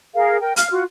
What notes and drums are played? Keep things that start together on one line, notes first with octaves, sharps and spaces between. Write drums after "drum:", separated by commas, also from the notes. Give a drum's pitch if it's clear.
G#4 A#4 F5
A#4 G5
F5 F6, drum: hi-hat
F4 F#4